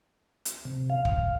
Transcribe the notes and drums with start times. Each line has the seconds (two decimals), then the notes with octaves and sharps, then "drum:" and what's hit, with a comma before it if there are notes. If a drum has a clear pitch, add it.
0.45 drum: hi-hat
0.65 C3
0.90 F5
1.05 drum: kick